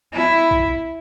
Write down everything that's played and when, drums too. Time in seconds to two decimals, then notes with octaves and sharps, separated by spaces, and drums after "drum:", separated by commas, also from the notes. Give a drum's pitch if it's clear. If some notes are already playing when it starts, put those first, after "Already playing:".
0.14 E4
0.51 drum: kick B1